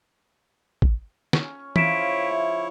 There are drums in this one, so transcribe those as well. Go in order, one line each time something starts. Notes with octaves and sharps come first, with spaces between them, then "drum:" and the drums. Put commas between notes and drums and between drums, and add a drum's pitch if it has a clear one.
drum: kick
C#4 C#6, drum: snare
C#3 F3 E4 C#5 B6 D7 E7, drum: tom
E5